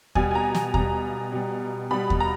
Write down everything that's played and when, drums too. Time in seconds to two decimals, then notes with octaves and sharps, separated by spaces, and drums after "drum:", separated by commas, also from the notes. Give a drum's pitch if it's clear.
0.15 B2 G3 G#5, drum: kick D#2
0.31 G#5
0.35 A#5
0.55 drum: snare
0.74 B2 G3 A#5, drum: kick D#2
1.32 B2 G3
1.91 B2 G3 B5
2.10 drum: kick D#2
2.20 A#5